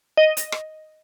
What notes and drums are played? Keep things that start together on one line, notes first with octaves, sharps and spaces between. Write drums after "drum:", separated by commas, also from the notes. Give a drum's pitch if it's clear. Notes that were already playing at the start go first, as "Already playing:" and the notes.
D#5
drum: hi-hat
drum: rim click